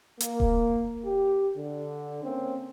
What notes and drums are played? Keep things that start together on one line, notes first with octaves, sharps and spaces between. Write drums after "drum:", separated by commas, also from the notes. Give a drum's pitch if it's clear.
A#3, drum: hi-hat
drum: kick D#1
G4
D3
A#3 C4 C#4